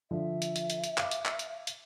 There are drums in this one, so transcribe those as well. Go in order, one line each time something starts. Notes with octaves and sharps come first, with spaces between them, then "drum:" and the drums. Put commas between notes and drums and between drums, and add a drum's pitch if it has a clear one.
D3 F3 E5
drum: hi-hat
drum: hi-hat
drum: hi-hat
drum: hi-hat
F5 D6, drum: clap
drum: hi-hat
drum: clap
drum: hi-hat
drum: hi-hat